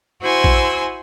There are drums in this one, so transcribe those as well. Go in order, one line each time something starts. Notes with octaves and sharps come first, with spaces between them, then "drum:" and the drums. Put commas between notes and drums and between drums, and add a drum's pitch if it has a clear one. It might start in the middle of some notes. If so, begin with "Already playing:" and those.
E4 F#4 C5 G#5 C6 E6
drum: kick A#1